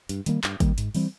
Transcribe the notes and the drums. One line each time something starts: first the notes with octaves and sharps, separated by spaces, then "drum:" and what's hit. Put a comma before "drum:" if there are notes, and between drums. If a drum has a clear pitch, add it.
G2, drum: hi-hat
D#3 G3 A#3, drum: hi-hat
G2, drum: clap
D#3 G3 A#3, drum: kick, hi-hat
G#2, drum: hi-hat
E3 G3 C4, drum: open hi-hat